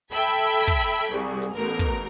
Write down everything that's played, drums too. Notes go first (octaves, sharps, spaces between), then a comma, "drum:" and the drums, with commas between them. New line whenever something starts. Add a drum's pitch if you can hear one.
A4 E5 G5 B5 G#6
drum: hi-hat
drum: kick, hi-hat
drum: hi-hat
C2 G#4
drum: hi-hat
A1 B3 A#4
drum: kick, hi-hat